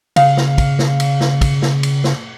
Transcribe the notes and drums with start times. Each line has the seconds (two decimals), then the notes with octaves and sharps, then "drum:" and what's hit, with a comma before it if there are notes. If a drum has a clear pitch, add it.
0.16 C#3 F5, drum: cymbal
0.37 drum: snare
0.58 drum: kick, cymbal
0.79 drum: snare
1.00 drum: cymbal
1.21 drum: snare
1.41 drum: kick, cymbal
1.62 drum: snare
1.83 drum: cymbal
2.04 drum: snare